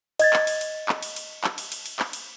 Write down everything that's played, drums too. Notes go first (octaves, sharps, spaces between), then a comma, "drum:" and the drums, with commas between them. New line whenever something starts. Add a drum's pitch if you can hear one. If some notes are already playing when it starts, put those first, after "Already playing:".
D#5 G#6 A6, drum: cymbal
drum: clap
drum: cymbal
drum: cymbal
drum: clap
drum: cymbal
drum: cymbal
drum: clap
drum: cymbal
drum: cymbal
drum: cymbal
drum: clap
drum: cymbal